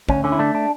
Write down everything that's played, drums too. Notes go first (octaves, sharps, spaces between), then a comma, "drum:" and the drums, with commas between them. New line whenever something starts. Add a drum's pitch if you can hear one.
D2 C#4, drum: kick
D3 C#4
E4
A3 D4
D4